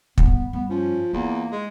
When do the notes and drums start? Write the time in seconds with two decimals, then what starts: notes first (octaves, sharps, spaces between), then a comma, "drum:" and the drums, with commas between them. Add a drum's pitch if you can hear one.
0.18 G1 G#2 B3, drum: kick
0.53 G2 B3
0.70 F3 C#4
1.13 E2 A#3 F4
1.52 G#3